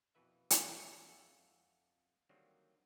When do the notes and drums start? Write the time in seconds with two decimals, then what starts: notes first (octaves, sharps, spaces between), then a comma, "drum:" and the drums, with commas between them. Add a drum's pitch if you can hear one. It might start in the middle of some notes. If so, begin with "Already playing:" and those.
0.15 A#1 F2 B2 E3 B4 E5
0.50 drum: hi-hat
1.08 F2 A4 E5 F#5
2.29 D3 D#3 F#3 G3 A#3 C4